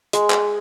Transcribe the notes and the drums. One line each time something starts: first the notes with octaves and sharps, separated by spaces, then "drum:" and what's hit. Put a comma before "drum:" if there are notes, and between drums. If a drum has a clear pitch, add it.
G#3, drum: hi-hat
drum: clap